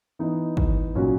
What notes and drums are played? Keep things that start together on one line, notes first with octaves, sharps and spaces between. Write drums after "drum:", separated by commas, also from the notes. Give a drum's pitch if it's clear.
E3 B3 D#4
drum: kick
A#2 F#3 C#4 F#4